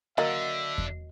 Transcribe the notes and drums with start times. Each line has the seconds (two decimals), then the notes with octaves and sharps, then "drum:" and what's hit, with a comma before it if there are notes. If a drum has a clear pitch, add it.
0.18 D3 F#3 A#3 D#5 E5
0.78 drum: kick E2